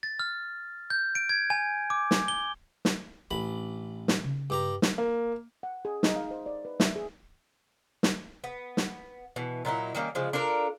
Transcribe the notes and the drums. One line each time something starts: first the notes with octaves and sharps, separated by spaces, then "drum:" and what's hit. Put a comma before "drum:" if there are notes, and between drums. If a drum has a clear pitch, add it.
A6
F6
G6
D7
G#6
G#5
D6
drum: snare
G7
drum: snare
A1 C#4 D4 B5
drum: snare
C#3
G2 G4 A#5
drum: snare
A#3
F#5
G#4
D#4, drum: snare
F5
C5
D5
B4
E5, drum: snare
G#4
drum: snare
B3
drum: snare
B2 E3
A#2 F#3 D#4 E4
D#3 G3 A#3 C#4
C#3 F3 G#3
D4 F4 A4 A#4